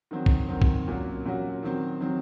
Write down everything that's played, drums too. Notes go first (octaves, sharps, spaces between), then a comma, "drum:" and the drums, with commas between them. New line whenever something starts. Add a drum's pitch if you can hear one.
D#3 F#3 C4
drum: kick
D#3 F#3 C4
drum: kick
A#2 F#3 C#4 F#4
A#2 F#3 C#4 F#4
D#3 F#3 C4
D#3 F#3 C4